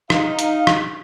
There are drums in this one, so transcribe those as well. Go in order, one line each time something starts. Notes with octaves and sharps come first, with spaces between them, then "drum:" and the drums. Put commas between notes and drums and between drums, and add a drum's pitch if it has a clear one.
D#4 F5, drum: rim click
drum: hi-hat
drum: rim click